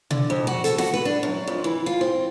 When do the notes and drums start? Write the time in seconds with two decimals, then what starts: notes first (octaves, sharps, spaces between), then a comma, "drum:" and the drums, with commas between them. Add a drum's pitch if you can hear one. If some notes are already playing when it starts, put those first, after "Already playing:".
0.11 D3, drum: tom B2
0.30 F2
0.47 F#4
0.64 A4, drum: hi-hat
0.78 F#4, drum: snare
0.94 B4
1.05 D4
1.23 F#2
1.47 F2
1.64 E3
1.86 F4
2.01 C4